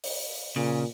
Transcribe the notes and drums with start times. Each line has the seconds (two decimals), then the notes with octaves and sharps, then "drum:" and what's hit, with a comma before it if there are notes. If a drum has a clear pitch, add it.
0.04 drum: open hi-hat
0.56 A#2 C#3